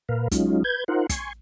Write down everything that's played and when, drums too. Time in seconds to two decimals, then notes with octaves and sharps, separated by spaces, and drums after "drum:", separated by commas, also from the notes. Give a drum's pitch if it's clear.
0.09 A#2 A#4 B4 F5
0.31 F#3 G#3 C#4 D#4 F4, drum: kick, hi-hat
0.64 B4 G6 G#6
0.88 D#4 F4 A#4 C5 F#5
1.09 G#5 C6 C#6, drum: kick, hi-hat